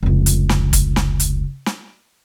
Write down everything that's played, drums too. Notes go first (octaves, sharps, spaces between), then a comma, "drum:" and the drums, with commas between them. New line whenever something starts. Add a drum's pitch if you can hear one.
F1 C#2
drum: hi-hat
drum: snare
drum: kick, hi-hat
drum: snare
drum: hi-hat
drum: snare